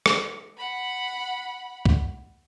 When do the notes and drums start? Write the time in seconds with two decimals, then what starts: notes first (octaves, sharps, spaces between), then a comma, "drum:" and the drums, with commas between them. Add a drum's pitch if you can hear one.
0.06 drum: rim click
0.57 F#5 B5
1.86 drum: kick